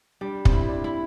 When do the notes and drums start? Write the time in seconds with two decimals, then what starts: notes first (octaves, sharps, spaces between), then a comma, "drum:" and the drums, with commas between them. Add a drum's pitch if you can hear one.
0.21 G3 D4
0.45 C4, drum: kick
0.52 E4
0.69 D4
0.84 E4